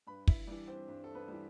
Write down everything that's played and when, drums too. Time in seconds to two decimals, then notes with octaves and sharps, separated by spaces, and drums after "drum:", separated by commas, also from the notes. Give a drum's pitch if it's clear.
0.07 G2 B4 B5
0.28 E4 E5, drum: kick
0.47 E3 G3 D4 D5
0.67 C4 C5
0.88 G2
1.04 A4
1.15 B3 B4
1.28 E3 G3